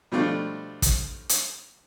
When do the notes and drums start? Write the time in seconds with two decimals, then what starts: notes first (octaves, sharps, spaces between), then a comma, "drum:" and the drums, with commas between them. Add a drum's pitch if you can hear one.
0.12 B2 F3 G3 A3 D4 F4
0.82 drum: kick, hi-hat
1.29 drum: hi-hat